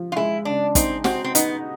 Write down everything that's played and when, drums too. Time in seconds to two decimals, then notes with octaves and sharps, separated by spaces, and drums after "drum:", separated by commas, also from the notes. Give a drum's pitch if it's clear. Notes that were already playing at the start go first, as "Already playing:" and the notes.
Already playing: F3
0.12 F4
0.16 G#3 E4
0.45 C#3 D4
0.75 C4 D#4, drum: kick, hi-hat
1.04 C4 F#4, drum: snare
1.24 C4
1.35 B3 D#4, drum: hi-hat